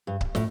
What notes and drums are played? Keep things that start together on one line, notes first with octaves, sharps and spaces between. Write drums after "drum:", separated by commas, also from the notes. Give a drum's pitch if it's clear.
G2
drum: kick C#1
A2, drum: snare